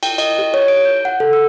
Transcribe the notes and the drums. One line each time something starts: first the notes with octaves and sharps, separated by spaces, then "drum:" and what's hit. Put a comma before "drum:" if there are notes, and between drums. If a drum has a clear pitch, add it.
G5, drum: cymbal
D#5, drum: cymbal
G4
C#5
D7
G6
F#5
A4
E6